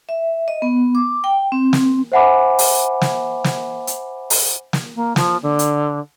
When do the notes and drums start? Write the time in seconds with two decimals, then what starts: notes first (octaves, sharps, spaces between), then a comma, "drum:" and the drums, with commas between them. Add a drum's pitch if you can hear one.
0.09 E5
0.48 D#5
0.62 B3
0.95 D6
1.24 G5
1.52 C4
1.73 drum: snare
2.12 C5 E5 F#5 G#5 B5 D6
2.59 drum: open hi-hat
3.01 drum: snare
3.44 drum: snare
3.87 drum: hi-hat
4.30 drum: open hi-hat
4.73 drum: snare
4.95 A#3
5.16 F3, drum: snare
5.42 D3
5.59 drum: hi-hat